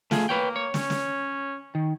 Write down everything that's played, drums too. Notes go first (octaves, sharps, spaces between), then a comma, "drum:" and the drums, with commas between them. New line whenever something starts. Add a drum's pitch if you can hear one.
A3 F4 G#4, drum: snare
A#3 B4 C#5 G5
C#5
C#4, drum: snare
drum: snare
D#3